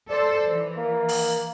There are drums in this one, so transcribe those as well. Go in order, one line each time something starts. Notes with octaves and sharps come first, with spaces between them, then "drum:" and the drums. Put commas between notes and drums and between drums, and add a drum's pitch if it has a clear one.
A4 C5 D5
E3
A#3
drum: open hi-hat